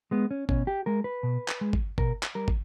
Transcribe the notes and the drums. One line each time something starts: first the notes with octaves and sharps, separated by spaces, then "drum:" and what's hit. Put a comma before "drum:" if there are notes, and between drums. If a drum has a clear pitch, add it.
G#3 B3
C#4
B2 C#4, drum: kick
G4
G#3 A#4
B4
B2
drum: clap
G#3
drum: kick
B2 A#4, drum: kick
drum: clap
G3 A#4
drum: kick